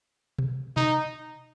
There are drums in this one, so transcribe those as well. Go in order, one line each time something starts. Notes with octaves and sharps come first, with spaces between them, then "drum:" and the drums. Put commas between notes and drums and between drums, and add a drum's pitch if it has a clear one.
drum: tom B2
D#4, drum: tom B2